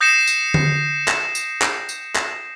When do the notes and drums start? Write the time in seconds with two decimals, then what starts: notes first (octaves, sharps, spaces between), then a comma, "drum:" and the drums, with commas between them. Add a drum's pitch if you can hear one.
0.01 D#6 G6 A#6 C7 C#7 E7
0.27 drum: tambourine
0.54 drum: tom D3
1.08 drum: clap
1.35 drum: tambourine
1.62 drum: clap
1.89 drum: tambourine
2.16 drum: clap